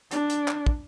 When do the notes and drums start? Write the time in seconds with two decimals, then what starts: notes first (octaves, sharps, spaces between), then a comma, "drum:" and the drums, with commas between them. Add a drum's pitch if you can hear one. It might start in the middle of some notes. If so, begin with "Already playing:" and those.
0.11 D4, drum: hi-hat
0.30 drum: hi-hat
0.48 drum: clap
0.66 drum: kick